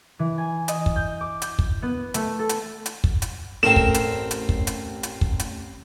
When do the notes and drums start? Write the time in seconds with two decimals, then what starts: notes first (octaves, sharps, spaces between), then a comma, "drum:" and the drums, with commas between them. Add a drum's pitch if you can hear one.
0.19 E3
0.38 G#5
0.68 D#5, drum: hi-hat
0.86 drum: kick
0.96 G6
1.21 D6
1.42 G6, drum: hi-hat
1.59 drum: kick
1.82 B3
2.14 A3, drum: hi-hat
2.39 A4
2.49 drum: hi-hat
2.86 drum: hi-hat
3.04 drum: kick
3.22 drum: hi-hat
3.63 A1 A3 C4 A#4 E7
3.76 drum: kick
3.94 drum: hi-hat
4.31 drum: hi-hat
4.49 drum: kick
4.67 drum: hi-hat
5.03 drum: hi-hat
5.21 drum: kick
5.40 drum: hi-hat